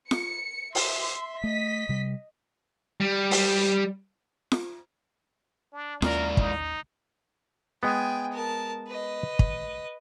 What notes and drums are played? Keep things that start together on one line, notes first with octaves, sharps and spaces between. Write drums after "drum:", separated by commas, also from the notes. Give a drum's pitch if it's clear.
C#7, drum: snare F4
E5 C6, drum: open hi-hat
A3 D#5 B6
C3 G3
G3
drum: open hi-hat
drum: snare F4
D4
D#2 G#3 A#3 C#4 E4 A#4 D5, drum: snare F4
D#4, drum: kick
G#3 B3 G5 G#5
A#4 A5
B4 D#5
drum: kick